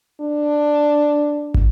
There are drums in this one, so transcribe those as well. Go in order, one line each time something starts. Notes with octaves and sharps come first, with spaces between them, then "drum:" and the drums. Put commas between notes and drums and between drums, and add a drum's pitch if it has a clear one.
D4
drum: kick